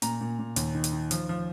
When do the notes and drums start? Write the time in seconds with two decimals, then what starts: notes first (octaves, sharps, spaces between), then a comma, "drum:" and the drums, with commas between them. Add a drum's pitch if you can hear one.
0.02 A#2 A#5, drum: hi-hat
0.21 A#2
0.39 A#2
0.56 D#2, drum: hi-hat
0.75 D#3
0.84 drum: hi-hat
0.93 D#3
1.11 F3, drum: hi-hat
1.29 F3